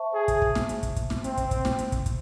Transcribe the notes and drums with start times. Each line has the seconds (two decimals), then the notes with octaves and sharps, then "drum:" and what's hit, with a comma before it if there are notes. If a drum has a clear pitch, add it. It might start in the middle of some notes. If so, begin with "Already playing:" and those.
Already playing: C5 E5 A5 C#6
0.14 G#4
0.28 drum: kick, hi-hat
0.42 drum: kick
0.55 drum: snare
0.69 drum: hi-hat
0.83 drum: kick, hi-hat
0.96 drum: kick, hi-hat
1.10 drum: snare
1.24 C4, drum: hi-hat
1.37 drum: kick, hi-hat
1.51 drum: kick, hi-hat
1.65 drum: snare
1.79 drum: hi-hat
1.92 drum: kick, hi-hat
2.06 drum: kick, hi-hat